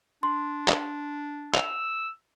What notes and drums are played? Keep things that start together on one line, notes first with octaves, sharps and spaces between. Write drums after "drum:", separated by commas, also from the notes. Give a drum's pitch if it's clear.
D4 C6
drum: clap
E6 F7, drum: clap